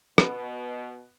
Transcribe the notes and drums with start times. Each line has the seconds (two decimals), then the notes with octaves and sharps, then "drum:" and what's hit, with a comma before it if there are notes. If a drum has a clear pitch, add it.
0.18 B2 B3, drum: rim click